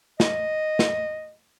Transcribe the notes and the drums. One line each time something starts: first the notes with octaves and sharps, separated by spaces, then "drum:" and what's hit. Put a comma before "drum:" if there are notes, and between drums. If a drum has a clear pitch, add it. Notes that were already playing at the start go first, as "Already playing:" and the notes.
D#5, drum: snare
drum: snare